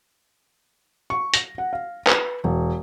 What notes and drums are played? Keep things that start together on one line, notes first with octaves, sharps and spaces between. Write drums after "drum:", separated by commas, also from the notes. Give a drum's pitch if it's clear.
C#6
A#6, drum: hi-hat
F#5
F5
B4, drum: clap
E1